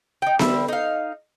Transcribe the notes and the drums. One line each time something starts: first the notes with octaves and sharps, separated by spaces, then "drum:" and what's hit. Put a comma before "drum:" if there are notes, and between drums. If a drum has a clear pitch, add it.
D#4 G5
D3 G3 E5, drum: snare B3
D#4 F5